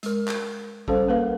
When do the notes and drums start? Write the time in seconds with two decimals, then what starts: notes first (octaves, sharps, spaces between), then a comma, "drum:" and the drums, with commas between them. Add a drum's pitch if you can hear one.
0.03 G#3 A#4, drum: hi-hat
0.28 drum: clap
0.88 G3 C#4 A4 C5 F5, drum: kick A1
1.09 A#3 A#4 B4 F5